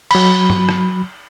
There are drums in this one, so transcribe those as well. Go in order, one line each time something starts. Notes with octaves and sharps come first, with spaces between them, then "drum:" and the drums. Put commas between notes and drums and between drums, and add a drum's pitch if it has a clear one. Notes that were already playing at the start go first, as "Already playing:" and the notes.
F#3 B5, drum: cymbal
drum: tom
drum: rim click